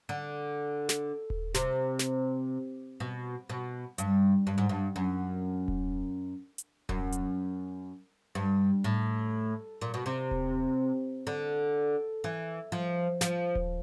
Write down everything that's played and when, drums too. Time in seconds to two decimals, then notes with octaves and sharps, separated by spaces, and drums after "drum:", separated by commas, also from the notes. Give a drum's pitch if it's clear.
0.09 D3
0.89 drum: snare
1.30 drum: kick D#1
1.54 C3, drum: snare
1.99 drum: snare
3.00 B2
3.49 B2
3.98 G2, drum: hi-hat
4.47 G2
4.58 G#2
4.69 G2
4.96 F#2
5.68 drum: kick D#1
6.58 drum: hi-hat
6.89 F#2, drum: kick D#1
7.12 drum: hi-hat
8.35 G2
8.84 A2
9.81 A#2
9.94 B2
10.06 C3
10.31 drum: kick D#1
11.27 D3
12.24 E3
12.72 F3
13.21 F3, drum: snare
13.55 drum: kick D#1